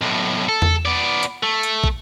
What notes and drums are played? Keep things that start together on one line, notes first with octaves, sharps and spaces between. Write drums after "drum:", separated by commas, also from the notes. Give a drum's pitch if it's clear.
B1 A2
A4
drum: tom E2
B3 D5
drum: hi-hat
A3
drum: hi-hat
drum: kick